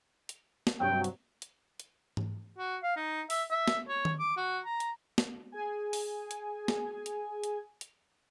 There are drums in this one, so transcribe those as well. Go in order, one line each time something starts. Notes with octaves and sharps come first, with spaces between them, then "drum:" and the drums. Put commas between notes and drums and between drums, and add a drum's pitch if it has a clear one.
drum: hi-hat
drum: snare
G2 C3 F#3 G5
drum: hi-hat
drum: hi-hat
drum: hi-hat
drum: tom G#2
F#4
F5
D#4
E5, drum: open hi-hat
E5
drum: snare
C#5
drum: tom D#3
D6
F#4
A#5
drum: hi-hat
drum: snare
G#4 G#5
drum: open hi-hat
drum: hi-hat
drum: snare
drum: hi-hat
drum: hi-hat
drum: hi-hat